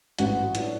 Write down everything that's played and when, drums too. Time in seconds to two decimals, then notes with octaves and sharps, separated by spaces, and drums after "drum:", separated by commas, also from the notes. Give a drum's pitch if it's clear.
0.18 A1 F#4, drum: hi-hat
0.55 A2 F#3 D4, drum: hi-hat